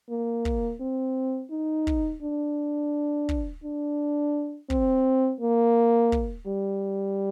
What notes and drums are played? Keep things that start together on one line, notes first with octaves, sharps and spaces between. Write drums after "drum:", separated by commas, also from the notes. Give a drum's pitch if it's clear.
A#3
drum: kick
C4
D#4
drum: kick
D4
drum: kick
D4
C4, drum: kick
A#3
drum: kick
G3